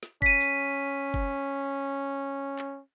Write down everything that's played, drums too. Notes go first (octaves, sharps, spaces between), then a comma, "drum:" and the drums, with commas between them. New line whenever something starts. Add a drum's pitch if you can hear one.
drum: snare
C#4 B6 D#7, drum: kick
drum: tambourine
drum: kick
drum: clap